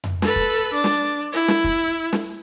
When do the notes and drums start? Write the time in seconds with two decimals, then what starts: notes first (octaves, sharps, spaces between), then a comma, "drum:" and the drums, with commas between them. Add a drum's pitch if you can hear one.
0.04 drum: tom F2
0.22 A4 B4, drum: snare
0.36 drum: kick
0.73 D4
0.84 drum: snare
1.32 E4
1.48 drum: snare
1.64 drum: kick
2.13 drum: snare